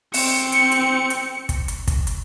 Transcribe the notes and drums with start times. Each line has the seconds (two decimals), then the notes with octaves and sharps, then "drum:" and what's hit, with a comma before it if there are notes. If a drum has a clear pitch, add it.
0.14 C4 C#7, drum: open hi-hat
0.52 drum: hi-hat
0.72 drum: hi-hat
1.10 drum: hi-hat
1.49 drum: kick, hi-hat
1.68 drum: hi-hat
1.88 drum: kick, hi-hat
2.07 drum: hi-hat